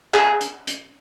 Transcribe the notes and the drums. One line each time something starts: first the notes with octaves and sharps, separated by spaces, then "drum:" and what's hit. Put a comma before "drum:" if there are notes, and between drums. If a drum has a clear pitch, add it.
G#4, drum: clap
drum: hi-hat
drum: hi-hat